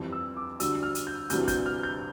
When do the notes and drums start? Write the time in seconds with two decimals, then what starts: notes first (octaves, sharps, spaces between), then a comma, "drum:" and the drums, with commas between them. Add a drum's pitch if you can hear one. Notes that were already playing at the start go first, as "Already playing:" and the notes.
Already playing: F2 E3 G3
0.12 E6
0.37 D6
0.60 D2 D3 G3 E6, drum: hi-hat
0.83 F6
0.95 drum: hi-hat
1.07 G6
1.30 D2 C3 E3 G3 G6, drum: hi-hat
1.48 G6, drum: kick, hi-hat
1.66 F6
1.83 G6